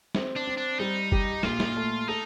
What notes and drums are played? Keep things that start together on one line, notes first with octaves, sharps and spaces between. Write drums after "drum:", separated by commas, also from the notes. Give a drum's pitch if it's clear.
C4, drum: snare
D4
C4
D4
G3 D#4
G4, drum: kick
A#2 F4, drum: snare
drum: snare
A3
D#4 A4